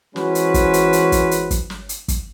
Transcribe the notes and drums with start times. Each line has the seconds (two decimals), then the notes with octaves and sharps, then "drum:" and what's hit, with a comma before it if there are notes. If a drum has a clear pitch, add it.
0.16 E3 G#3 C#4 F#4 B4 C5, drum: snare
0.35 drum: hi-hat
0.54 drum: kick, hi-hat
0.73 drum: hi-hat
0.93 drum: hi-hat
1.12 drum: kick, hi-hat
1.31 drum: hi-hat
1.51 drum: kick, hi-hat
1.70 drum: snare
1.89 drum: hi-hat
2.08 drum: kick, hi-hat